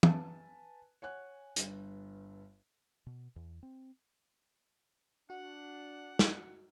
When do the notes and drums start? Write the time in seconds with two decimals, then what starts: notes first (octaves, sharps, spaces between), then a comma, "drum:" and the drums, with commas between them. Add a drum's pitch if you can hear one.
0.03 B4 G#5 A5, drum: tom
1.02 C#5 F#5 G#5 F#6
1.56 G1 G2, drum: hi-hat
3.06 B2
3.36 E2
3.63 C4
5.30 D4 F#4 F#5
6.19 drum: snare